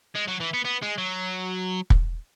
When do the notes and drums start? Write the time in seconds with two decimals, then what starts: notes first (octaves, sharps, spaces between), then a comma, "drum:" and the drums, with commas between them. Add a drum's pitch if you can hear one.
0.15 G#3
0.28 F#3
0.40 E3
0.53 B3
0.65 B3
0.82 G#3
0.98 F#3
1.90 drum: kick